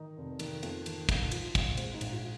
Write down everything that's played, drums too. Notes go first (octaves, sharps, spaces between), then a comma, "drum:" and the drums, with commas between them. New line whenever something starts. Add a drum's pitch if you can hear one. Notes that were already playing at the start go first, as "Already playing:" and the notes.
Already playing: D#3 D#4
F1
D#3, drum: cymbal
F2, drum: cymbal
D#3, drum: cymbal
A#1, drum: kick, cymbal
F3, drum: cymbal
A#1, drum: kick, cymbal
G#3 C4, drum: cymbal
D#4
A#1, drum: cymbal
F4